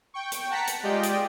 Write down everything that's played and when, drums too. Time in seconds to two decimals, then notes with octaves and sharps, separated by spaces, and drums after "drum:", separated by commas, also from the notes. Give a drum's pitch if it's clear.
0.14 G5 C#6
0.32 drum: hi-hat
0.50 F#5 A5 A#5 B6 C#7
0.67 drum: hi-hat
0.83 G#3 F4 G4 D5 D#5 G5
1.03 drum: hi-hat